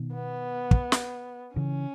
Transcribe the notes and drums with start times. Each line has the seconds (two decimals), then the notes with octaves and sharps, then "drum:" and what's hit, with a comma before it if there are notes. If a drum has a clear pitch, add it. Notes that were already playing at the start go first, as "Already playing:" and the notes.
Already playing: B2 D#3
0.14 B3
0.71 drum: kick
0.92 drum: snare
1.56 C#3 E3 C#4